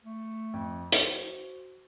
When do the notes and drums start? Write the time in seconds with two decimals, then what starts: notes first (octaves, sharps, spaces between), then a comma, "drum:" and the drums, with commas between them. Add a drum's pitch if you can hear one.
0.05 A3
0.54 F2
0.92 F#4 C5 G7, drum: hi-hat